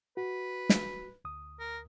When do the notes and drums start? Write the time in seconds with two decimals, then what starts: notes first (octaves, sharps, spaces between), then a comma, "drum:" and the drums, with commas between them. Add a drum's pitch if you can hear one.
0.17 F#4 B4
0.69 drum: snare
1.25 D2 D#6
1.59 A#4